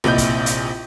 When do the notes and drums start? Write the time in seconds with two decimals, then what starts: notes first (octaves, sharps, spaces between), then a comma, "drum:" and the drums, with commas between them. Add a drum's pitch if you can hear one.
0.04 A#1 C3 E4 D#5 G6, drum: rim click
0.18 drum: kick, hi-hat
0.46 drum: hi-hat